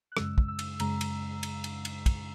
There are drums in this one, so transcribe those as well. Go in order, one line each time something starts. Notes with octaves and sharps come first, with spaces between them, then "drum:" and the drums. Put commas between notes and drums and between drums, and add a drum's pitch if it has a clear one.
F#6
F#2 C#3 G#3 E6, drum: rim click
drum: kick
E6
drum: cymbal
F#2 C#3 G#3 A#5, drum: cymbal
drum: cymbal
drum: cymbal
drum: cymbal
drum: cymbal
drum: kick, cymbal